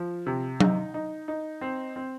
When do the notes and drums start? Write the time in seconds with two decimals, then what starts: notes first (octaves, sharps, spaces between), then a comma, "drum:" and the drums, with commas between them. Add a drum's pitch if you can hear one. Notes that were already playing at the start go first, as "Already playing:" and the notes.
Already playing: F3
0.26 C3
0.60 D#4, drum: tom F#3
0.94 D#4
1.28 D#4
1.61 C4
1.96 C4